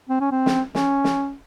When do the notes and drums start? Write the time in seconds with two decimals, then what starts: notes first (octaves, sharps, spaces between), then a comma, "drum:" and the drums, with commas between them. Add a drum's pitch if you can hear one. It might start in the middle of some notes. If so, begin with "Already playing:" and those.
0.09 C4
0.20 C#4
0.31 C4
0.46 drum: snare
0.75 C#4, drum: snare
1.04 drum: snare